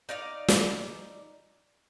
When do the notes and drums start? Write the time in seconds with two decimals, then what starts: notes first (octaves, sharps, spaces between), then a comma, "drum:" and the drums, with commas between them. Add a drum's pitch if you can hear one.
0.09 D#4 D5 F5
0.48 drum: snare